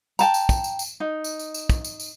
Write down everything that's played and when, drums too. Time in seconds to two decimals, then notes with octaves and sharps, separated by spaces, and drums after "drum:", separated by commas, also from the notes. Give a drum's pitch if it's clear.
0.19 G5 A5 A#5, drum: tambourine
0.34 drum: tambourine
0.49 drum: kick, tambourine
0.64 drum: tambourine
0.79 drum: tambourine
1.00 D#4
1.24 drum: tambourine
1.39 drum: tambourine
1.54 drum: tambourine
1.69 drum: kick, tambourine
1.85 drum: tambourine
2.00 drum: tambourine